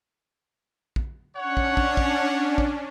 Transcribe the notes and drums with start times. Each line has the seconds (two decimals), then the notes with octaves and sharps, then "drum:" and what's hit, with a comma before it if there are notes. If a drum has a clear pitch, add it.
0.96 drum: kick
1.37 C#4 D4 C#5 F#5
1.57 drum: kick
1.77 drum: kick
1.97 drum: kick
2.58 drum: kick